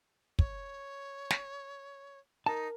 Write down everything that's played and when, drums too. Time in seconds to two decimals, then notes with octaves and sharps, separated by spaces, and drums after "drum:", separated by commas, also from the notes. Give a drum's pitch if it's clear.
0.39 C#5, drum: kick
1.30 drum: snare
2.46 D#4 A#4 A5